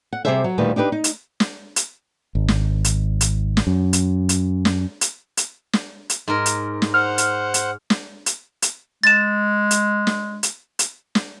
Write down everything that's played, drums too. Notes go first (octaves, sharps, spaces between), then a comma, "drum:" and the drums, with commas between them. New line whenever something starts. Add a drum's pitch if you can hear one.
F#5
C3 D#3 G3 G#4 C5 E5
F#3
D2 A#2 D#3 G3 B4
D4 D#4 G4 B4
D#4
drum: hi-hat
drum: snare
drum: hi-hat
G#1
drum: snare
drum: hi-hat
drum: hi-hat
drum: snare
F#2
drum: hi-hat
drum: hi-hat
drum: snare
drum: hi-hat
drum: hi-hat
drum: snare
drum: hi-hat
G#2 A#4
drum: hi-hat
drum: snare
C5 F#5 F6
drum: hi-hat
drum: hi-hat
drum: snare
drum: hi-hat
drum: hi-hat
G#3 A6 E7
drum: hi-hat
drum: snare
drum: hi-hat
drum: hi-hat
drum: snare